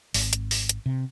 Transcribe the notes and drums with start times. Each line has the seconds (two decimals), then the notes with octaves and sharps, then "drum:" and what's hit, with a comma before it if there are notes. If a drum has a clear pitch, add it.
0.14 G#1, drum: open hi-hat
0.33 drum: hi-hat
0.51 drum: open hi-hat
0.69 drum: hi-hat
0.86 C3